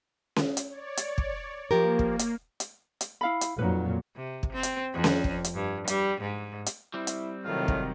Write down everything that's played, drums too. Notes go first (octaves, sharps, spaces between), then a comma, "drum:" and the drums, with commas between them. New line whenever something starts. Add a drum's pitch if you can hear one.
drum: snare C#4
drum: hi-hat
C#5 D5
drum: hi-hat
drum: kick
F3 A#3 G4 A#4
drum: kick
drum: hi-hat
drum: hi-hat
drum: hi-hat
E4 F5 B5
drum: hi-hat
F2 A#2 F#3 D#4 B4
C3
drum: kick
C4
drum: hi-hat
F2
drum: snare C#4
drum: kick
drum: hi-hat
G2
G3, drum: hi-hat
G#2
drum: hi-hat
G3 C4 E4
drum: hi-hat
A2 C3 D#3 F#3 F4
drum: kick